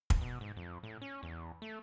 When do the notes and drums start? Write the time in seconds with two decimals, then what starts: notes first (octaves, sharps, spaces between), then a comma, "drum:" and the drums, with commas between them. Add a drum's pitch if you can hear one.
0.10 drum: kick
0.21 B2
0.41 G#2
0.57 F2
0.83 A2
1.02 C#4
1.23 E2
1.62 A3